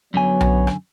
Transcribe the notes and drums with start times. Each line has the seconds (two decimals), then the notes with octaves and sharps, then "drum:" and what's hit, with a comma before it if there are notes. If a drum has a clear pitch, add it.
0.14 F#2 D3 F#3 B3 C#5 G#5
0.41 drum: tom B1
0.67 drum: rim click